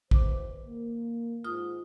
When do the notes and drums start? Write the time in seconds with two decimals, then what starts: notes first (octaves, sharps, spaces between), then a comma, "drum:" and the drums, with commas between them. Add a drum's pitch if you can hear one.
0.11 E2 D#3 C5 D6, drum: kick
0.65 A#3
1.44 G#2 F4 D#6